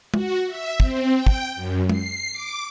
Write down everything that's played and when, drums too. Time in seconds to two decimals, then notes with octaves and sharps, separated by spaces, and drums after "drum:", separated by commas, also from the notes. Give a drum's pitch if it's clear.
0.14 F#4, drum: tom G#3
0.47 E5
0.80 C4, drum: kick
1.14 G5
1.27 drum: kick
1.56 F#2
1.89 C7, drum: tom G#3
2.32 D6